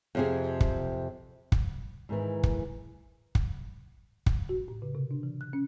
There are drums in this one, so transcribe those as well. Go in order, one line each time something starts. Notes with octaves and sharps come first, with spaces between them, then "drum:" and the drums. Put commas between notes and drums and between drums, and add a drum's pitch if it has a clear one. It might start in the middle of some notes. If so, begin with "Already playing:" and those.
F2 C3 G#4
drum: kick
drum: kick
G#2 D#3 E3
drum: kick
drum: kick
drum: kick
F#4
A2
C#3
C3
D4
E3
F#6
C#4